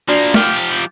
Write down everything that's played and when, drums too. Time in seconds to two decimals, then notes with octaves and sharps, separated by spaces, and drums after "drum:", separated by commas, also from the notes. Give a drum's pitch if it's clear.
0.08 F3 A#3 D4 F#4 D5
0.34 F3 G4 F6, drum: snare